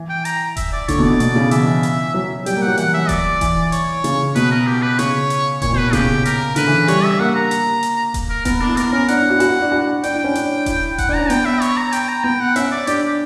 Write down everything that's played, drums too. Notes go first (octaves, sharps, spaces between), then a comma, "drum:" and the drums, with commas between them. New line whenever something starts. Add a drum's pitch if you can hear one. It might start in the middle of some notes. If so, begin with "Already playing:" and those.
Already playing: E3
G5
A#5, drum: hi-hat
E5, drum: kick D#1, hi-hat
D5
D3 C#5, drum: kick D#1, hi-hat
B2
D5
B2
B2, drum: hi-hat
C#3
E3 E5, drum: hi-hat
drum: hi-hat
F#3
G3 G5, drum: hi-hat
A#3
F#5
F#3
E3 F#5, drum: hi-hat
E5
D5, drum: kick D#1, hi-hat
E3, drum: kick D#1, hi-hat
C#5, drum: hi-hat
C#3, drum: hi-hat
B2 B4, drum: hi-hat
A#4
G4
B4
C#3 C#5, drum: hi-hat
drum: hi-hat
A#2 C#5, drum: kick D#1, hi-hat
B2
B4
C#3 G4, drum: kick D#1, hi-hat
A#4, drum: hi-hat
D3 B4, drum: hi-hat
E3
G3 C#5, drum: hi-hat
E5
A#3 F#5
A#5
drum: hi-hat
drum: hi-hat
drum: kick D#1, hi-hat
A#4
B3 A#4, drum: kick D#1, hi-hat
D4
E4
B3 A#4, drum: hi-hat
C#4 A#4
D4 F#5, drum: hi-hat
E4
F#4
F#4, drum: hi-hat
E4
D4
F#4
D4 G5, drum: hi-hat
E4
G5
C#4
D4, drum: hi-hat
E4, drum: kick D#1, hi-hat
F#5, drum: kick D#1, hi-hat
D4
C#4 A#5
B3 G5, drum: hi-hat
E5
C#5, drum: hi-hat
A#5
G5, drum: hi-hat
A#5
B3 G5
F#5
C#4 E5, drum: hi-hat
D5
D4 G4, drum: hi-hat